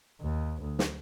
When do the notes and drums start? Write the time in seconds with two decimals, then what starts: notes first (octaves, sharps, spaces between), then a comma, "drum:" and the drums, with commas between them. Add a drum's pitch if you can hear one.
0.21 D#2
0.61 D2
0.79 drum: snare